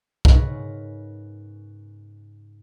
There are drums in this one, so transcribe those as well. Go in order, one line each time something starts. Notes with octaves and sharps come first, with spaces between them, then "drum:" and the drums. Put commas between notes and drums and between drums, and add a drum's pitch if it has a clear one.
G#2 C#3 A#4 B4 C#6, drum: kick